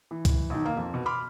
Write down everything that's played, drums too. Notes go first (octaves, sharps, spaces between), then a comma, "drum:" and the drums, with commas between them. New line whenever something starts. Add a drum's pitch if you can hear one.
E3
drum: kick, hi-hat
B1 D#3
A#3
F2
B2
B5 C6 D6 F6